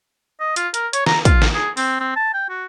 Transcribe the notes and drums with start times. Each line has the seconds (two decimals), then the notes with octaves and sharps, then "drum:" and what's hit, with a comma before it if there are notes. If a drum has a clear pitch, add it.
0.40 D#5
0.56 F4, drum: hi-hat
0.74 A#4, drum: hi-hat
0.93 C#5, drum: hi-hat
1.06 A#5, drum: snare
1.25 F4, drum: kick, hi-hat
1.42 drum: snare
1.54 G#4
1.77 C4, drum: open hi-hat
2.00 C4
2.16 A5
2.34 G5
2.49 F#4